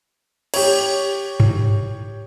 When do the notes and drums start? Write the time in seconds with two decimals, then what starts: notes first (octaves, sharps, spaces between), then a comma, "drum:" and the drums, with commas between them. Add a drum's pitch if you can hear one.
0.54 G4 C#5, drum: cymbal
1.40 drum: tom G2